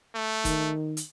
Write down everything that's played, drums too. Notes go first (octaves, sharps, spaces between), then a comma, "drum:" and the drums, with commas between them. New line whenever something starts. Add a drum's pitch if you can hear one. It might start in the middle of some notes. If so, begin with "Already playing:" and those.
A3
D#3, drum: kick, hi-hat
drum: hi-hat